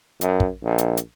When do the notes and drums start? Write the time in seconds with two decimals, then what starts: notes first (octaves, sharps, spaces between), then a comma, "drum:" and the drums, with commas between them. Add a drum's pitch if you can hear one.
0.21 F#2, drum: hi-hat
0.40 drum: kick
0.63 A#1
0.78 drum: hi-hat
0.97 drum: hi-hat